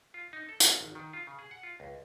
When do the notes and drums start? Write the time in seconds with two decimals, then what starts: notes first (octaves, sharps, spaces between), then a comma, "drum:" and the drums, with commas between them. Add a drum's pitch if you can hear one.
0.14 F4
0.33 D#4
0.49 A4
0.60 C#4, drum: hi-hat
0.81 G#1
0.95 D#3
1.13 F4
1.27 C#3
1.39 G#4
1.51 F#5
1.63 F4
1.80 C#2